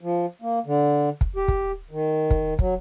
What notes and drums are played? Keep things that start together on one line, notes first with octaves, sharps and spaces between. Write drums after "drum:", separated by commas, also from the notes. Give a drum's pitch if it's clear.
F3
A#3
D3
drum: kick
G4
drum: kick
D#3
drum: kick
F#3, drum: kick